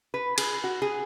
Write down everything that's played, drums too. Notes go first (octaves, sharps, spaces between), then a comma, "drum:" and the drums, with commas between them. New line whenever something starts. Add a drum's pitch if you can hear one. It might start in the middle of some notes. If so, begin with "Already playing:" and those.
B4
G#4, drum: cymbal
F#4
G#4